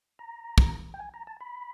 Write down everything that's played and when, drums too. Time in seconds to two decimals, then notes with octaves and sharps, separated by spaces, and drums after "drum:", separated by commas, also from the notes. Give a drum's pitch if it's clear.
0.19 A#5
0.58 drum: kick
0.94 G5
1.00 G#5
1.14 A#5
1.27 A5
1.41 B5